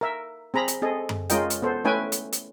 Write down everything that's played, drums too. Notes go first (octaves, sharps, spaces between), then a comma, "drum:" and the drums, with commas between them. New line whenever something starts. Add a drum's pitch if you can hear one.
A#4 E5
C4 G#4 A#5 B5
drum: hi-hat
C4 G#4 A4 D#5
drum: tom F#2
G#3 C#4 F4 A#4 D#5 G5, drum: hi-hat
drum: hi-hat
B3 A4 C5
A3 C#4 E4 B4 G5 G#5
drum: hi-hat
drum: hi-hat